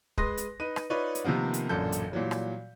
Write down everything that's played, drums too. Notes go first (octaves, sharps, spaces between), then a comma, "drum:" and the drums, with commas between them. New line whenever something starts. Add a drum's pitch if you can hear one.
G#3 B4 C6 D#6 A#6, drum: kick
drum: hi-hat
D#4 B4 D#7
drum: rim click
D#4 F4 B4 C#5 D5
drum: hi-hat
C3 D#3 F3 A#3 B3
drum: hi-hat
A1 F#2 A#2 D3 A4 G6
drum: hi-hat
A#2 E3 F#3 G3
drum: rim click